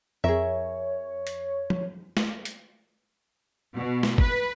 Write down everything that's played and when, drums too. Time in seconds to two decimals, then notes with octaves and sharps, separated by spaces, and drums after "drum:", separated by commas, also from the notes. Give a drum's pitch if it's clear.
0.24 F2 G#4 A#4 C#5 E5
1.27 drum: hi-hat
1.70 drum: tom F3
2.17 drum: snare
2.45 drum: hi-hat
3.75 B2
4.03 drum: snare
4.18 B4, drum: kick G1